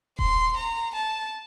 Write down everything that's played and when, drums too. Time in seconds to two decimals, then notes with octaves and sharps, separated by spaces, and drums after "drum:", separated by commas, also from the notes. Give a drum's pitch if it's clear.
0.19 C6, drum: kick D#1
0.57 A#5
0.95 A5